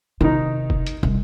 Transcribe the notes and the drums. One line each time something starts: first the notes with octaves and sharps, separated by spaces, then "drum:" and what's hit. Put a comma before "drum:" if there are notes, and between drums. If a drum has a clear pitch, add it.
C3 D#3 D#4
drum: kick
drum: hi-hat
C2, drum: kick